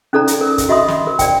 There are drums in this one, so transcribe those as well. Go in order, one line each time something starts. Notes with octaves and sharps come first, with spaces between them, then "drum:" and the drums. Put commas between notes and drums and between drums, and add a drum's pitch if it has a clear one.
C#4 D#4 A4 D5 A#5
drum: hi-hat
A#4
drum: kick, hi-hat
F#4 D#5 E5 B5 C6 D#6
drum: snare
A#4
D5 G5, drum: kick, hi-hat